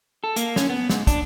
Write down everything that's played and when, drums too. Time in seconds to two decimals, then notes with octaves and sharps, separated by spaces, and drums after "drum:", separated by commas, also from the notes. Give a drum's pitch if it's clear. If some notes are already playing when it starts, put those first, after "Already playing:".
0.24 A4
0.36 A#3, drum: hi-hat
0.56 C#4, drum: snare
0.70 B3
0.89 G#2, drum: snare
1.07 D4, drum: kick, hi-hat